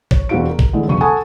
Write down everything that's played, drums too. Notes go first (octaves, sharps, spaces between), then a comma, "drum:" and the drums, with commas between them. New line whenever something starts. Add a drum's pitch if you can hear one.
C#5, drum: kick
E1 C4 F4 F#4 F5 D7
A#4
drum: kick
D3 E3 G#3 A3
E1 B1 C#3 C#6 D#7
A4 F#5 G#5 A5 C#6 D#6